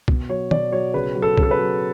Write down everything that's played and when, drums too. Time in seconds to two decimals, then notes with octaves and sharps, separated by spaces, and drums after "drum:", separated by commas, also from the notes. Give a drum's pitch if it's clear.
0.08 B2, drum: kick C2
0.29 F#3 C#5
0.51 B2 D5, drum: tom
0.72 F#3 C#5
0.94 C#3 B4
1.15 F#3
1.22 A4
1.38 C#3, drum: kick C2
1.43 A4
1.51 B4
1.58 F#3